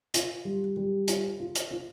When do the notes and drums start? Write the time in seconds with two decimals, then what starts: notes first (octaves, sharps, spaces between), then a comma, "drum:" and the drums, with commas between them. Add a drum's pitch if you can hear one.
0.14 F4, drum: hi-hat
0.45 G3
0.77 G3
1.08 F4, drum: hi-hat
1.40 F4
1.55 drum: hi-hat
1.71 F4